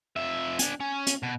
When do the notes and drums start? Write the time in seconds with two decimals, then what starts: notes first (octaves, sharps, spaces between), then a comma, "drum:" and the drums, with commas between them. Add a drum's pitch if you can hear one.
0.16 F2 E5
0.59 D4 G#5, drum: hi-hat
0.80 C#4
1.07 drum: hi-hat
1.23 B2